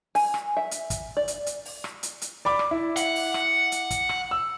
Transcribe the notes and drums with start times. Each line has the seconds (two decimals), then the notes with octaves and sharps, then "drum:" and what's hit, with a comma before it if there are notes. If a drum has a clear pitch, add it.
0.15 G#5, drum: open hi-hat
0.34 drum: rim click
0.57 E5
0.71 drum: hi-hat
0.90 drum: kick, hi-hat
1.17 D5
1.28 drum: hi-hat
1.46 drum: hi-hat
1.65 drum: open hi-hat
1.84 drum: rim click
2.03 drum: hi-hat
2.22 drum: hi-hat
2.45 D5 B5 D6
2.59 drum: rim click
2.71 E4
2.96 F#5, drum: hi-hat
3.15 drum: open hi-hat
3.34 drum: rim click
3.72 drum: hi-hat
3.91 drum: kick, hi-hat
4.09 drum: rim click
4.31 E6